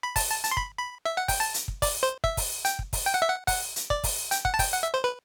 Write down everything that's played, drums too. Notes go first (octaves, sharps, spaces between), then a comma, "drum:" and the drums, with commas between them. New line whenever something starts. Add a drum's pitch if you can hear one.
B5
A5, drum: kick, open hi-hat
A5
A5, drum: hi-hat
C6
B5, drum: kick
B5
E5
F#5
G5, drum: kick, open hi-hat
A5
drum: hi-hat
drum: kick
D5, drum: kick, open hi-hat
C5
E5, drum: kick
drum: kick, open hi-hat
G5, drum: hi-hat
drum: kick
drum: kick, open hi-hat
G5
F#5
E5
F#5
F#5, drum: kick, open hi-hat
drum: hi-hat
D5, drum: kick
drum: kick, open hi-hat
G5, drum: hi-hat
F#5, drum: kick
A5
G5, drum: kick, open hi-hat
F#5
E5
C5
B4